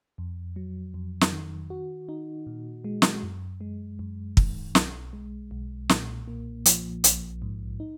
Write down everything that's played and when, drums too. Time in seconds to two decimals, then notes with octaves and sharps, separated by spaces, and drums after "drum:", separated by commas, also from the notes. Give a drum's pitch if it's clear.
0.18 F2
0.56 F#3
0.94 F2
1.21 drum: snare
1.32 D#3
1.70 F#4
2.09 D#4
2.47 A#2
2.84 G#3
3.02 drum: snare
3.23 F#2
3.61 G#3
3.99 F#2
4.37 D#3, drum: kick
4.75 B1, drum: snare
5.13 G#3
5.51 B1
5.89 A#2, drum: snare
6.27 A#3
6.65 F3, drum: hi-hat
7.04 A#1, drum: hi-hat
7.42 G#2
7.80 D#4